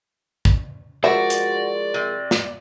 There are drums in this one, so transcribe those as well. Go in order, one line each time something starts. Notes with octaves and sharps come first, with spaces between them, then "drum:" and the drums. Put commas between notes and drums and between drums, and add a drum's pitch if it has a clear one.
drum: kick
F3 G#3 F#4 A#4 D5 E5
drum: hi-hat
C3
drum: snare